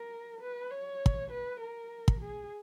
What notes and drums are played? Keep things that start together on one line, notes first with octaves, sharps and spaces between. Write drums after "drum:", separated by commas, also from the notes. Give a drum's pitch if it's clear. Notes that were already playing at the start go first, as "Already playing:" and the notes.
Already playing: A#4
B4
C#5
drum: kick
B4
A#4
drum: kick
G#4